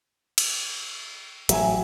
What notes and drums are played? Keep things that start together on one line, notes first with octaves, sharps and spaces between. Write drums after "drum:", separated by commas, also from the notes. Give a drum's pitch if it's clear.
drum: cymbal
A1 F#3 E5 G#5, drum: hi-hat